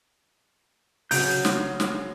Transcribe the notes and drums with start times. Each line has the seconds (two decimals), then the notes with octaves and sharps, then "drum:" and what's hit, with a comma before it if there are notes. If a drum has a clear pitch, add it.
1.11 C#3 F#3 D#5 F#5 G6 D7 F7, drum: open hi-hat
1.45 drum: snare
1.80 drum: snare